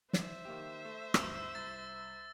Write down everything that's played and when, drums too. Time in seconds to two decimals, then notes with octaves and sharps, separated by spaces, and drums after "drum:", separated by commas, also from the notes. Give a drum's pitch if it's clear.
0.13 C5 E5, drum: snare
0.45 D#3 A#3 G4
0.85 A3
1.14 D2 G2 E6 F7, drum: rim click
1.55 C2 A6